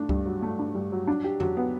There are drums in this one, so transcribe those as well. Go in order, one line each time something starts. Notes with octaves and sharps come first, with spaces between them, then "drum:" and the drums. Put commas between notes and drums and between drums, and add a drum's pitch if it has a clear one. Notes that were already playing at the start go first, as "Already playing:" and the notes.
Already playing: A3 D4
G2, drum: kick C#2
F#3
A3
D4
G2
F#3
D4
G4
F#3, drum: tom F2
B3